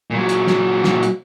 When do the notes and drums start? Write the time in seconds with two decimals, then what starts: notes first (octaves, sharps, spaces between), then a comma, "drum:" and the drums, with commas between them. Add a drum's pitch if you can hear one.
0.11 A#2 F#3
0.29 drum: hi-hat
0.47 drum: snare
0.84 drum: snare
1.03 drum: hi-hat